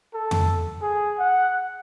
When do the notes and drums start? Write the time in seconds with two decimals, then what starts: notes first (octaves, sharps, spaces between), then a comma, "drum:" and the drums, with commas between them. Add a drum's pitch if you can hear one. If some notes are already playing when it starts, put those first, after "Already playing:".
0.14 A4
0.31 drum: tom F2
0.82 G#4
1.18 F#5